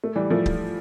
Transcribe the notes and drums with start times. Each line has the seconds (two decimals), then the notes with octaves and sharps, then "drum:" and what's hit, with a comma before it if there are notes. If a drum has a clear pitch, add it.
0.04 A3
0.16 E3 G3
0.30 F3 A3
0.46 drum: kick C#1